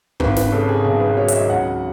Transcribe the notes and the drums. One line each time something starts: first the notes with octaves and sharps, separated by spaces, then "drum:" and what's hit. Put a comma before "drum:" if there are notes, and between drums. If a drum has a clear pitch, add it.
G#1 B4, drum: kick
B4, drum: snare
C#3 A4
G#4
B1 G#4
B4
F#3 C#5
E5, drum: hi-hat
D#5
C#2 F#5